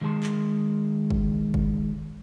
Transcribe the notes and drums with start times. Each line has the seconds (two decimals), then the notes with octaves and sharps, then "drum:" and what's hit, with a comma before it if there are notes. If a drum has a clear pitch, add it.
0.01 D#3 G#3 G#4 A5 C6
0.23 drum: clap
1.10 drum: kick
1.54 drum: kick